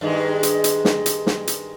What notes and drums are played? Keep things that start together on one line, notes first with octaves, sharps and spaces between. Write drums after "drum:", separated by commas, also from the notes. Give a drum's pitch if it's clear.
G2 D#3 G#3
drum: hi-hat
drum: hi-hat
drum: snare
drum: hi-hat
drum: snare
drum: hi-hat